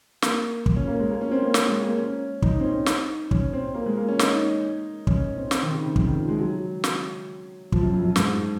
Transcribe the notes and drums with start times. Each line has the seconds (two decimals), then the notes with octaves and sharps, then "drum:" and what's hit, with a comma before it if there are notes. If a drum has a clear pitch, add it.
0.22 A#3, drum: snare
0.66 drum: kick
0.76 C#4
0.87 A#3
1.00 G#3
1.10 A#3
1.21 C#4
1.31 C4
1.43 A#3
1.54 drum: snare
1.68 G#3
1.83 A#3
1.98 C#4
2.42 D#4, drum: kick
2.60 C4
2.64 C#4
2.86 D#4, drum: snare
3.31 C#4, drum: kick
3.53 C4
3.74 A#3
3.86 G#3
3.97 A#3
4.08 C#4
4.19 D#4, drum: snare
5.07 C#4, drum: kick
5.37 C4
5.51 C4, drum: snare
5.63 D#3
5.73 C#3
5.84 C3
5.96 C#3, drum: kick
6.06 D#3
6.17 F3
6.29 G#3
6.39 F#3
6.84 drum: snare
7.72 F3, drum: kick
7.82 F#2
7.93 F2
8.05 F#2
8.16 G#2, drum: snare